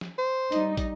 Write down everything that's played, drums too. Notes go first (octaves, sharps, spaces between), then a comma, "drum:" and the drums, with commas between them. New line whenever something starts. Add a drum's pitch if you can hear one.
drum: snare
C5
G3 D#4, drum: hi-hat
drum: kick, hi-hat